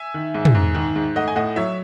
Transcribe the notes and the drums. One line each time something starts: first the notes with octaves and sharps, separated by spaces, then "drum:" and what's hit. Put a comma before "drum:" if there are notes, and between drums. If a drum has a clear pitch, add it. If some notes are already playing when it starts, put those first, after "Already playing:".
Already playing: E5 G#5
D#3
G#2
drum: tom
G#2
D#3
G#2
A3 D#5 F#5
G#5
A2 D#5 F#5
F#3 C#5 E5